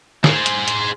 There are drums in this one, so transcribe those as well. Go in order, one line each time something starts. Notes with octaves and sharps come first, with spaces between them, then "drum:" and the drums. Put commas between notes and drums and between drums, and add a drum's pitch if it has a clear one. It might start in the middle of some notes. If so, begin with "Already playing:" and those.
G#4 C5, drum: snare
drum: hi-hat
drum: hi-hat